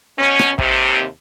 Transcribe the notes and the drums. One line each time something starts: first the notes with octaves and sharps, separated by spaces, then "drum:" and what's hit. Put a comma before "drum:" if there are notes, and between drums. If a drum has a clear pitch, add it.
B2 C#4
drum: rim click
D#2 C3, drum: kick